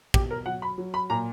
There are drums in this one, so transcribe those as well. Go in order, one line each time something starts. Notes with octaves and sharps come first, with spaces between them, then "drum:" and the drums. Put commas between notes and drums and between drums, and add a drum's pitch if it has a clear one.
B2 G4, drum: kick
A#4
F#3 F#5
B5
F#3
B5
A#2 A#5